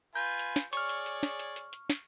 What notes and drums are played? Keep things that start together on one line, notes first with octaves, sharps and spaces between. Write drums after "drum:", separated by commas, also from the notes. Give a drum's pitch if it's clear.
F4 B4 G#5 G6
drum: hi-hat
drum: snare
G#4 C#5 D5 C#6 F6, drum: hi-hat
drum: hi-hat
drum: hi-hat
drum: snare
drum: hi-hat
drum: hi-hat
drum: hi-hat
drum: snare